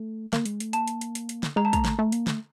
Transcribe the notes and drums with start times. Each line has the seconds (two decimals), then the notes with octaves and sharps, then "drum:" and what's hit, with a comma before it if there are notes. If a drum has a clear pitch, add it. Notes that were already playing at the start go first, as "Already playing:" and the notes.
Already playing: A3
0.33 A#3, drum: snare
0.46 G#3, drum: hi-hat
0.60 A3, drum: hi-hat
0.73 A#3 A5, drum: hi-hat
0.88 drum: hi-hat
1.01 drum: hi-hat
1.15 drum: hi-hat
1.29 drum: hi-hat
1.43 drum: snare
1.56 G#3 A#5
1.65 A5
1.73 A3 A#5, drum: kick, hi-hat
1.85 drum: snare
1.99 A3
2.12 A#3, drum: hi-hat
2.27 A3, drum: snare